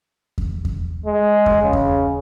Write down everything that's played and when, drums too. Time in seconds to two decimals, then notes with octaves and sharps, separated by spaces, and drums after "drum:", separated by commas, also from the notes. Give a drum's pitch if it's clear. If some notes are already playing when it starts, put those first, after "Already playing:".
0.38 drum: kick E2
0.65 drum: kick E2
1.05 G#3
1.46 drum: kick E2
1.63 C#3
1.73 drum: kick E2